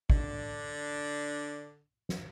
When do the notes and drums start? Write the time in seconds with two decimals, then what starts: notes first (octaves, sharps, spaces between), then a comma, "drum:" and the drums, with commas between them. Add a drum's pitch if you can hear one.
0.10 D3 D4, drum: kick
2.09 drum: snare